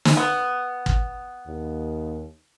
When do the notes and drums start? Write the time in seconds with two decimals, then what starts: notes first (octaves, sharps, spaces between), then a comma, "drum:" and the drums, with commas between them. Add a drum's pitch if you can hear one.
0.05 drum: snare
0.17 B3
0.86 drum: kick
1.48 D#2